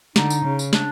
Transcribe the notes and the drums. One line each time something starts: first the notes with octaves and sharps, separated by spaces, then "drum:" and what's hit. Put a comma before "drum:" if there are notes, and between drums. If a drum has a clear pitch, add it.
D3 D#4, drum: snare
drum: tambourine
C#3
drum: tambourine
D4, drum: snare